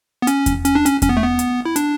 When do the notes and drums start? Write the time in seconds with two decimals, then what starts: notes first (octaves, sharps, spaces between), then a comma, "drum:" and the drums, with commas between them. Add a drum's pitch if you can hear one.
0.22 B3
0.27 C#4, drum: hi-hat
0.46 drum: kick E2, hi-hat
0.65 C#4, drum: hi-hat
0.75 D4
0.86 C#4, drum: hi-hat
1.02 C#4, drum: kick E2, hi-hat
1.09 B3
1.17 A3
1.23 B3
1.39 drum: hi-hat
1.65 E4
1.76 D4, drum: hi-hat